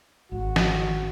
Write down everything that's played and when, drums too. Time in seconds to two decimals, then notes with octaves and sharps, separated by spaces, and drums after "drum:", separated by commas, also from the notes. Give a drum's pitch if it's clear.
0.32 G#1 F#4
0.56 drum: snare